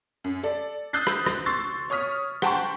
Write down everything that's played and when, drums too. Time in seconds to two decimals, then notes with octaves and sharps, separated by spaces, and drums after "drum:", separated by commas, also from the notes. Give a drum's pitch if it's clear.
0.24 F#2
0.43 A4 D5
0.93 D#6 E6 F#6 G6 A6 C7
1.07 drum: rim click
1.26 drum: rim click
1.46 C6 C#6 E6 A6 C7
1.90 C#5 C#6 D#6 F6 B6
2.42 F#5 G5 A5 A#5 C6 C#6, drum: rim click